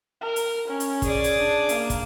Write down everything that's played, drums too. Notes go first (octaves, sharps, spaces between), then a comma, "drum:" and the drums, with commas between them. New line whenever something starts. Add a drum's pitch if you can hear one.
A#4
drum: hi-hat
C#4
drum: hi-hat
G#4 D5, drum: kick, hi-hat
drum: hi-hat
D4
A#3, drum: hi-hat
drum: kick, hi-hat